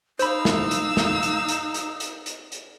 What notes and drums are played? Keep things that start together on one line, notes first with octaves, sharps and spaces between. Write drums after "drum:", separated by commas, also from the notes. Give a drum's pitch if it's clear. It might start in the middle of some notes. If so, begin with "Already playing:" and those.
D#4 C5 F5 B5 E6, drum: hi-hat
drum: snare
drum: hi-hat
drum: snare
drum: hi-hat
drum: hi-hat
drum: hi-hat
drum: hi-hat
drum: hi-hat
drum: hi-hat